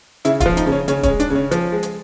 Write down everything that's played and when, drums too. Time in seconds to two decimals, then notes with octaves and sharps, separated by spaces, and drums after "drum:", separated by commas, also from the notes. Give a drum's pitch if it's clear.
0.25 C#3 E4, drum: hi-hat
0.40 F4, drum: kick, hi-hat
0.46 F3
0.57 D#4, drum: hi-hat
0.66 C#3
0.72 C#4
0.88 C#3 C#4, drum: hi-hat
1.03 C#4, drum: kick, hi-hat
1.08 G#3
1.20 D4, drum: hi-hat
1.30 C#3 C#4
1.51 F3, drum: hi-hat
1.72 G#3
1.83 drum: hi-hat